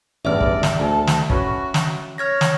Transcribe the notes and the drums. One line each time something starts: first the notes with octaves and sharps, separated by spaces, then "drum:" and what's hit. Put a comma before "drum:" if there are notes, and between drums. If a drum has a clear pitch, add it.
A1 E2 G2 D5 E5 F6
drum: kick
drum: snare
D2 A4
drum: snare
C#4 F#4 B4, drum: kick
drum: snare
C#5 F6 G#6 A#6
drum: snare